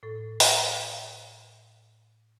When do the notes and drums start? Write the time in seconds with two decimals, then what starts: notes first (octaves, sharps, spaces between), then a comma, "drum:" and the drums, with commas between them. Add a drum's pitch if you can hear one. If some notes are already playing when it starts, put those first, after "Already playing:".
0.03 A2 A4
0.40 drum: open hi-hat